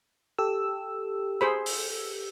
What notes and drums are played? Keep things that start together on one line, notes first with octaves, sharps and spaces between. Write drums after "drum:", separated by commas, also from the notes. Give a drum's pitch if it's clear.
G4 A4 E6
G#4 C5 B5
drum: open hi-hat